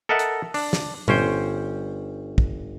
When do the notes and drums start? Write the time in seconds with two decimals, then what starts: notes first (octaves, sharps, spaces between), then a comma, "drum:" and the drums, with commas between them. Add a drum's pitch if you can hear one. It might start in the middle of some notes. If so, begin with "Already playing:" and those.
0.09 A4 A#4 D#5 E5 F#5 A5
0.19 drum: hi-hat
0.54 D4, drum: open hi-hat
0.73 drum: snare
1.08 G1 C#4 C5 G5, drum: tom A#2
2.38 drum: kick